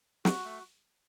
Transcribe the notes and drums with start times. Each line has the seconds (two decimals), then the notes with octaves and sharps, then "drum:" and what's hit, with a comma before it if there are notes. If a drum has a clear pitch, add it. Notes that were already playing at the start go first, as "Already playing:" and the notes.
0.25 F#4, drum: snare
0.44 A3